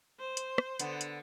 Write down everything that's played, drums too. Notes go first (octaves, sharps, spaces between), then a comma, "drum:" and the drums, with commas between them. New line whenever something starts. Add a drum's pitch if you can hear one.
C5
drum: hi-hat
drum: rim click
D3 B3, drum: hi-hat
drum: hi-hat